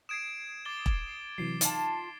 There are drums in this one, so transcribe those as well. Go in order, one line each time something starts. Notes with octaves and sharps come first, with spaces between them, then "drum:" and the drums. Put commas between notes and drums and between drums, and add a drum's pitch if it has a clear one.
D#6 G#6 C7 D7 E7
D6 A6 G7
drum: kick E1
C3 E3 F#3 C7
D#4 F4 A5, drum: hi-hat